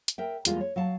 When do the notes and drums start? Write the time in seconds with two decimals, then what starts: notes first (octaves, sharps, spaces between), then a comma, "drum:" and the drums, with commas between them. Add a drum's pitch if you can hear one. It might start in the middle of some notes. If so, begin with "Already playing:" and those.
0.08 drum: hi-hat
0.18 A#4 E5 G5
0.45 E2 G3 G#3 A#3 F4 F5, drum: hi-hat
0.61 C#5
0.76 F#3 F5 A5